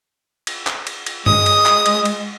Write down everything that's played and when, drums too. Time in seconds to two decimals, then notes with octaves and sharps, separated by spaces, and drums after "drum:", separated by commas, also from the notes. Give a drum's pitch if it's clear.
0.47 drum: cymbal
0.67 drum: clap
0.87 drum: cymbal
1.06 drum: cymbal
1.26 G#3 D#6, drum: tom G2
1.46 drum: cymbal
1.66 drum: clap
1.86 drum: cymbal
2.05 drum: cymbal